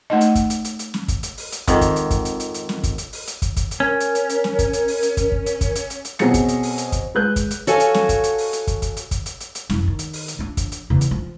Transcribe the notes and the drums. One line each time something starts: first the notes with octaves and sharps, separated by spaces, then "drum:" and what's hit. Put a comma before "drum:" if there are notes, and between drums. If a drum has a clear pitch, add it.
A3 D#4 D#5
drum: hi-hat
drum: kick, hi-hat
drum: hi-hat
drum: hi-hat
drum: hi-hat
drum: snare
drum: kick, hi-hat
drum: hi-hat
drum: open hi-hat
drum: hi-hat
G#1 F2 D#3, drum: kick, hi-hat
drum: kick, hi-hat
drum: hi-hat
drum: kick, hi-hat
drum: hi-hat
drum: hi-hat
drum: hi-hat
drum: snare
drum: kick, hi-hat
drum: hi-hat
drum: open hi-hat
drum: hi-hat
drum: kick, hi-hat
drum: kick, hi-hat
drum: hi-hat
C#4 A#4
drum: hi-hat
drum: hi-hat
drum: hi-hat
drum: snare
drum: kick, hi-hat
drum: hi-hat
drum: open hi-hat
drum: hi-hat
drum: kick, hi-hat
drum: kick
drum: hi-hat
drum: kick, hi-hat
drum: hi-hat
drum: hi-hat
drum: hi-hat
B2 F#3 C4 G#4 A#6 C#7, drum: snare
drum: kick, hi-hat
drum: hi-hat
drum: open hi-hat
drum: hi-hat
drum: kick, hi-hat
G#3 B4 F#6 G6
drum: kick, hi-hat
drum: hi-hat
F#4 A4 C#5 F5 G#5, drum: hi-hat
drum: hi-hat
drum: snare
drum: kick, hi-hat
drum: hi-hat
drum: open hi-hat
drum: hi-hat
drum: kick, hi-hat
drum: kick, hi-hat
drum: hi-hat
drum: kick, hi-hat
drum: hi-hat
drum: hi-hat
drum: hi-hat
F#2 E4, drum: snare
D#3
drum: hi-hat
drum: open hi-hat
drum: hi-hat
F3 D4
drum: kick, hi-hat
drum: hi-hat
E2 C#3
drum: hi-hat
F3